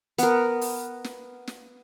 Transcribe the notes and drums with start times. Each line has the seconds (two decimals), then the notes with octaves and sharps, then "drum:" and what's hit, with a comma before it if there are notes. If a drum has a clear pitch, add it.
0.18 B3 A#4, drum: hi-hat
0.61 drum: open hi-hat
1.04 drum: snare
1.47 drum: snare